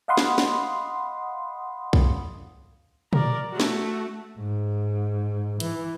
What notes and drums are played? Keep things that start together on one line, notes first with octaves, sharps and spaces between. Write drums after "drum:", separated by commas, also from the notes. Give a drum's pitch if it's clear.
D#5 F5 F#5 B5 C6 D#6
drum: snare
drum: snare
drum: kick B1
A#4 D5, drum: tom A#2
A3 F#4
drum: snare
G#2
E3, drum: hi-hat